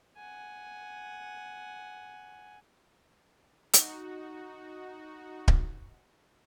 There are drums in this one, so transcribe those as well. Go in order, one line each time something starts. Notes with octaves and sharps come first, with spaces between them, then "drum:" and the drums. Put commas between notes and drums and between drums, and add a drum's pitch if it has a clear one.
F#5 G#5
D#4 F#4, drum: hi-hat
drum: kick D1